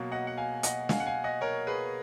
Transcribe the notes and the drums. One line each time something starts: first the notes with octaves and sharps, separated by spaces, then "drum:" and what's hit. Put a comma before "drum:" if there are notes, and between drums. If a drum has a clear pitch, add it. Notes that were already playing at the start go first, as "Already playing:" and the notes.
Already playing: B2 F#3 A#3
D#5 F#5
F#5
F5 G#5
D#5 F#5, drum: hi-hat
F5 G#5, drum: snare
F#5
F5 G#5
D#5 F#5
A#4 C#5
G#4 B4